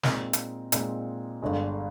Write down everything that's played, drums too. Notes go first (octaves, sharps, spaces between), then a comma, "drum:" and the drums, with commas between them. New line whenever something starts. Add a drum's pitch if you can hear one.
A#2 G#3 C4 D#4 A#4, drum: snare
drum: hi-hat
A#2 G#3 C4 D#4 A#4, drum: hi-hat
G1 G2 D3 G#3